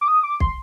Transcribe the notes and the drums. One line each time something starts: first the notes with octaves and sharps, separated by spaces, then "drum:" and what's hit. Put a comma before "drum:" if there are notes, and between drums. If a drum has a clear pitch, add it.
D6
D#6
D6
C6, drum: kick